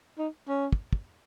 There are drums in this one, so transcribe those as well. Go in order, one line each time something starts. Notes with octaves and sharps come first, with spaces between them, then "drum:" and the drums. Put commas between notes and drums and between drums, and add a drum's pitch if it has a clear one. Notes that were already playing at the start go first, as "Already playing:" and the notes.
D#4
C#4
drum: kick
drum: kick